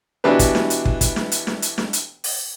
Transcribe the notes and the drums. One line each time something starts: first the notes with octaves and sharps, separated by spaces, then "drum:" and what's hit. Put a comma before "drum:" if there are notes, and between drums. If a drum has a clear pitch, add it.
B2 E3 D4 G4 B4
drum: kick, hi-hat
drum: snare
drum: hi-hat
drum: kick
drum: kick, hi-hat
drum: snare
drum: hi-hat
drum: snare
drum: hi-hat
drum: snare
drum: hi-hat
drum: open hi-hat